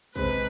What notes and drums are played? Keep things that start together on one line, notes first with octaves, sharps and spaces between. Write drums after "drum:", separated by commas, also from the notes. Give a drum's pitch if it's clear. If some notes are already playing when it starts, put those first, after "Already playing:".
C3 G#3 C4 B4, drum: kick